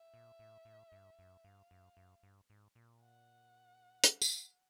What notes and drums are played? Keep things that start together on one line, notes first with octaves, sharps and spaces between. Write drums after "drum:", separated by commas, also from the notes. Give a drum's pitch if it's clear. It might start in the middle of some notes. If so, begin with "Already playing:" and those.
Already playing: E5
A#2
A2
A2
G2
F#2
G2 F5
F#2
F#2
G2
G#2
A#2
F#5
drum: hi-hat
drum: tambourine